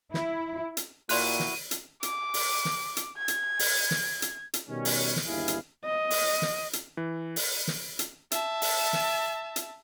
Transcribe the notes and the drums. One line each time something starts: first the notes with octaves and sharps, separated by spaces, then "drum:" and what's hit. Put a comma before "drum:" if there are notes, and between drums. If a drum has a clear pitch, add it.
E4, drum: snare
drum: hi-hat
A#2 E4 F#4 D5 C6 F#6 D#7, drum: open hi-hat
drum: snare
drum: hi-hat
D6, drum: hi-hat
drum: open hi-hat
drum: snare
drum: hi-hat
G#6
drum: hi-hat
drum: open hi-hat
drum: snare
drum: hi-hat
drum: hi-hat
B2 D#3 G3 C#4
drum: open hi-hat
drum: snare
G1 D#2 E4 G#4 F5
drum: hi-hat
D#5
drum: open hi-hat
drum: snare
drum: hi-hat
E3
drum: open hi-hat
drum: snare
drum: hi-hat
E5 A5, drum: hi-hat
drum: open hi-hat
drum: snare
drum: hi-hat